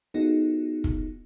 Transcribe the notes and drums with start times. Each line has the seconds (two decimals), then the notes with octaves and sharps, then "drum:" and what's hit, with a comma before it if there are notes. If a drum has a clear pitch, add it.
0.14 B3 D#4 F4 F#4 G#4 A4
0.84 drum: kick